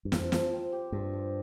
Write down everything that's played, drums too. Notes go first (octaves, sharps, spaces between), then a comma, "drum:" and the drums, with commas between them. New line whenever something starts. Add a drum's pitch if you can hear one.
G2
F2 F3, drum: snare
F3, drum: snare
C4
G4
G2 F3
F3